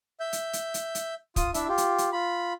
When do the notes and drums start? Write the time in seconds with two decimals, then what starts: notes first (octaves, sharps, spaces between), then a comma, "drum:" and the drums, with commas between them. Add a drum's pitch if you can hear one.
0.20 E5 G6
0.33 drum: hi-hat
0.53 drum: hi-hat
0.74 drum: hi-hat
0.95 drum: hi-hat
1.36 F4 D#6, drum: kick, hi-hat
1.54 D4 E4 E5, drum: hi-hat
1.68 F4 G4
1.78 drum: hi-hat
1.98 drum: hi-hat
2.12 F4 B5